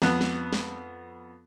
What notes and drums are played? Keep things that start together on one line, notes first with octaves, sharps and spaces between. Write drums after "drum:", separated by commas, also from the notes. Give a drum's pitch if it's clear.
F2 B3 F#6, drum: snare
drum: snare
drum: snare